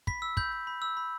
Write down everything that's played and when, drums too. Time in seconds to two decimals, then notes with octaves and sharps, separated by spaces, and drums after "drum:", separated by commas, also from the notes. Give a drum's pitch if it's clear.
0.07 B5 B6, drum: kick
0.22 E6
0.37 B5 G6, drum: kick
0.52 G6
0.67 B5
0.82 E6
0.97 B5